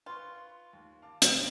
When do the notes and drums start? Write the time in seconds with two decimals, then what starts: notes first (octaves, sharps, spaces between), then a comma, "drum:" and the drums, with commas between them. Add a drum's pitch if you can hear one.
0.06 F4 B4 C6 C#6
0.73 D#2
1.02 F5 A5 D6
1.22 A2 C#3 C4, drum: hi-hat